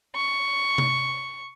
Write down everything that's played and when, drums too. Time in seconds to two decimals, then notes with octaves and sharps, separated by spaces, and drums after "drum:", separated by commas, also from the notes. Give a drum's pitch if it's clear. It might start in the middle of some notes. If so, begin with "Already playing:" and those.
0.16 C#6
0.78 drum: tom C3